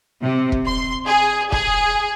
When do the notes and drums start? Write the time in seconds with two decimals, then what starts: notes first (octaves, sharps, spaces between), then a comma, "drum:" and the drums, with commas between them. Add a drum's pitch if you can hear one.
0.23 C3
0.52 drum: kick
0.67 C6
1.07 G#4
1.52 G#4, drum: kick